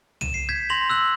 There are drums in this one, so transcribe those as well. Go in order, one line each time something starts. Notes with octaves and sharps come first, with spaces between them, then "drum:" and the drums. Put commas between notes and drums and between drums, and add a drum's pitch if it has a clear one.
D#7 E7, drum: tom
C7
G6 G#6 B6
C6 A#6 F7 F#7
E6 F#6 F#7